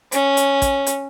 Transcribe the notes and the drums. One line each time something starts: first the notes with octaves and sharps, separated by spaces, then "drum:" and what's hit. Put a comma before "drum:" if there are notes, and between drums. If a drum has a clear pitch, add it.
C#4, drum: hi-hat
drum: hi-hat
drum: kick A1, hi-hat
drum: hi-hat